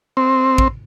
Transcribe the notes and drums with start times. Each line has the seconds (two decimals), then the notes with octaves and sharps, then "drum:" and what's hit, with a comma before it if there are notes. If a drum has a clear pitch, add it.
0.17 C4
0.58 drum: kick